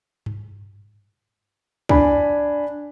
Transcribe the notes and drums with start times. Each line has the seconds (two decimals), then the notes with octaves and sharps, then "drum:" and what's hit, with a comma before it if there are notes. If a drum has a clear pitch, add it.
0.26 drum: tom G2
1.89 D4 G#5 B5, drum: kick